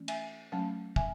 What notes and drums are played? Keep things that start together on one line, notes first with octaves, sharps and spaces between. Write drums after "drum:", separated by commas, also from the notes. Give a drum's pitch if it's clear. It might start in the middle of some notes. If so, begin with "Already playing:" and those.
Already playing: E3 A3 C#4
E5 G#5, drum: cymbal
F#3 A3 C#4 F#5 A5
E5 G#5, drum: kick